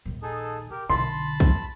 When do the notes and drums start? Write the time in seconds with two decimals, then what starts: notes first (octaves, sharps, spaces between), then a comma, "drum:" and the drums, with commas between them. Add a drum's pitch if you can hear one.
0.05 A#1 D#2
0.22 D#4 G#4 A4
0.71 G4 A#4
0.90 B1 D3 A5 B5 C6
1.40 drum: kick